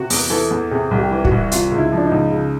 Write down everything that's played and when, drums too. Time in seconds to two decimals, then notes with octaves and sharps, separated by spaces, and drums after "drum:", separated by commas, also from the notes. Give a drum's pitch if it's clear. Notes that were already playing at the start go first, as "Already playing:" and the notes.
Already playing: C3 F#4
0.10 E2, drum: open hi-hat
0.30 E3 A4
0.51 E2
0.71 C3 G#4
0.91 C2
0.98 G4
1.11 E3
1.25 F#4, drum: kick
1.31 C2
1.52 C3 F4, drum: hi-hat
1.72 C#2
1.78 E4
1.92 F3
1.98 D4
2.05 D#4
2.12 C#2
2.31 C#3